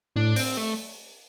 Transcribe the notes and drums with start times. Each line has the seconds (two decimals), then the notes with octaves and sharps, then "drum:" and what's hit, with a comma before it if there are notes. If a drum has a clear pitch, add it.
0.16 A2 D4
0.36 C4, drum: open hi-hat
0.57 A3